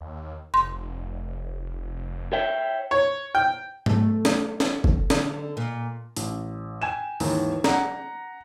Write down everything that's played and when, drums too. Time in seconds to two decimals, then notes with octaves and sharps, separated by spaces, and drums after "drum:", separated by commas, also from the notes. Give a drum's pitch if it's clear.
0.01 D#2
0.54 F1 C6
2.33 C#5 E5 G5
2.91 C#5
3.35 G5
3.86 A3, drum: tom G#2
4.25 drum: snare
4.60 drum: snare
4.84 drum: kick
5.10 D3, drum: snare
5.57 A#2
6.17 A1, drum: hi-hat
6.81 G5 G#5 G#6 E7
7.20 D#2 G#2 D#3 E3, drum: open hi-hat
7.64 F#5 A#5, drum: snare